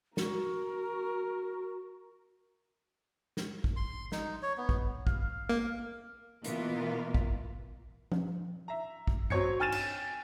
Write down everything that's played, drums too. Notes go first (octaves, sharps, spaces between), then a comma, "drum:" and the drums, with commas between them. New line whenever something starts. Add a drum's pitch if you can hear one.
F#4 A#4, drum: snare
drum: snare
drum: kick
C6
D#4, drum: snare
C#5
B3
drum: kick
F5, drum: kick
A#3
B2 E3 A#3 B3 F4 A#4, drum: hi-hat
drum: kick
drum: tom F3
E5 A#5
drum: kick
F#3 C4 C#5 G#6 C#7, drum: tom G2
G5 G#5 F6 A6 D#7 E7
drum: cymbal